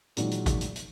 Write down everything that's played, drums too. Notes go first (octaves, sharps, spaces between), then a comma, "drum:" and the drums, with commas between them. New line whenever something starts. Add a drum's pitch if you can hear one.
A#2 D#3 E3 F#3 G#3 D#4, drum: hi-hat
drum: hi-hat
drum: kick G#1, hi-hat
drum: hi-hat
drum: hi-hat